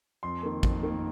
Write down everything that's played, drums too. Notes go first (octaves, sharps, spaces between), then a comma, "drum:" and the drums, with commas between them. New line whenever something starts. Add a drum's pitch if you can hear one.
F2 C6
D#3 A#3
F2, drum: kick A1
D#3 A#3